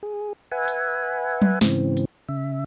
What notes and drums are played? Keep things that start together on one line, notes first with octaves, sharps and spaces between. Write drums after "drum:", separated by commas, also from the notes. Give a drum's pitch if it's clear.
G#4
B4 E5 F#5 G#5
drum: hi-hat
drum: tom F#3
G#2 C#3 E3 C4, drum: snare
drum: hi-hat
C#3 E5